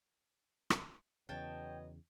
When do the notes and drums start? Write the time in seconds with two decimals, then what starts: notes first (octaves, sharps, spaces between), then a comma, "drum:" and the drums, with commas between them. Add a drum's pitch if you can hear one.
0.70 drum: rim click
1.29 E2 C#3 F#3 B4 C#5 D#5 G5 A5